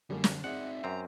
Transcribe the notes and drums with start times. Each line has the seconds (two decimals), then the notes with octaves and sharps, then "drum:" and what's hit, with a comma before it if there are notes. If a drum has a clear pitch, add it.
0.10 F#2 D3 G3 A#3
0.24 drum: snare
0.44 C4 D#4 G#4 D5 E5 F#5
0.84 F#2 C4 A#5